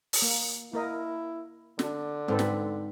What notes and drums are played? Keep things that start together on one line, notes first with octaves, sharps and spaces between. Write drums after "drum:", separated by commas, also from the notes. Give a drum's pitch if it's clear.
drum: open hi-hat
A#3
A#3 E4 A#4 D#5
D3 D4, drum: snare
G#2 C4 A4 B4
drum: snare